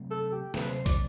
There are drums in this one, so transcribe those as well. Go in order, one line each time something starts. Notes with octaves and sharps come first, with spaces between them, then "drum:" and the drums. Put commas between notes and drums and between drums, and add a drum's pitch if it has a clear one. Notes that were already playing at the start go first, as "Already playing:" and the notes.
Already playing: C3 F#3 A3 C4
A4
G4
C3 F#3 C4 B4, drum: snare
C5
D5, drum: kick, hi-hat